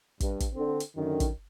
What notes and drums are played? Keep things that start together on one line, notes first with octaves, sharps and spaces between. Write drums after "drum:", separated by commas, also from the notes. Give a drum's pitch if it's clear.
G2, drum: kick, hi-hat
drum: kick, hi-hat
D3 C4
drum: hi-hat
F#2 D3 D#3
drum: kick, hi-hat